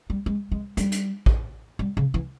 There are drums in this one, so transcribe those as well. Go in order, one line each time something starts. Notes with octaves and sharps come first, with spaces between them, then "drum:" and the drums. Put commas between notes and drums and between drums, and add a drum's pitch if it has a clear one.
G3
G#3
G#3
G3, drum: hi-hat
drum: hi-hat
drum: kick
G3
C#3
E3